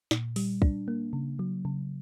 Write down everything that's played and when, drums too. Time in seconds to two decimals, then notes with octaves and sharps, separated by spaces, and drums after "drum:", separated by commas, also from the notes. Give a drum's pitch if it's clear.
0.11 A#2, drum: snare
0.36 G3, drum: open hi-hat
0.62 D4, drum: kick
0.88 A#3
1.13 C#3
1.39 F#3
1.65 C#3